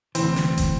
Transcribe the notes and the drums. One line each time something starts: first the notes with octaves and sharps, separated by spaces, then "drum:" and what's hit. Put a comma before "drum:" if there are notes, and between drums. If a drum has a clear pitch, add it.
D2 C3 E3 C4, drum: hi-hat
drum: snare
drum: kick, hi-hat